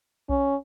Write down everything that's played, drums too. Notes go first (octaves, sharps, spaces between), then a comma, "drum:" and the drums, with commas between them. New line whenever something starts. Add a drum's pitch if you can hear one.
C#4, drum: kick B1